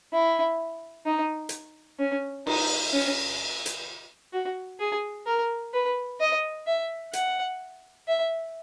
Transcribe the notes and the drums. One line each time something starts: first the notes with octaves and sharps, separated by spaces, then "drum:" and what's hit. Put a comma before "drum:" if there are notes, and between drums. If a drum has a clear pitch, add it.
E4
D#4
drum: hi-hat
C#4
D#4, drum: cymbal
C#4
drum: hi-hat
F#4
G#4
A#4
B4
D#5
E5
F#5, drum: hi-hat
E5